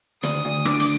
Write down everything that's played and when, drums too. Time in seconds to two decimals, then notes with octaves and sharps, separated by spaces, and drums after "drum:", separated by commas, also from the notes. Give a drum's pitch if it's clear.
0.23 D2 D#6, drum: hi-hat
0.45 D2
0.65 D3 D6, drum: rim click
0.80 drum: hi-hat